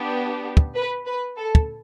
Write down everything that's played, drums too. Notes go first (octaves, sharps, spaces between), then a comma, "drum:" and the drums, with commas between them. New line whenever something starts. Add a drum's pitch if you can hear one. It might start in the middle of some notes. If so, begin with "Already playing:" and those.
Already playing: B3 D4 G4
drum: kick
B4
B4
A4
drum: kick